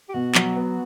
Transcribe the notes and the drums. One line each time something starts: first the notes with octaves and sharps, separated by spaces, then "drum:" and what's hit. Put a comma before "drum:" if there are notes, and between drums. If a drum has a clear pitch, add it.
G4
B2 F#4
F#3, drum: clap
B3